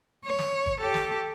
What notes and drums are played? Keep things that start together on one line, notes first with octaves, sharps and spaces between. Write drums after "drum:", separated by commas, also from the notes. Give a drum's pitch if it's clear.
C#5
drum: snare
drum: kick G1
G4 A4
drum: snare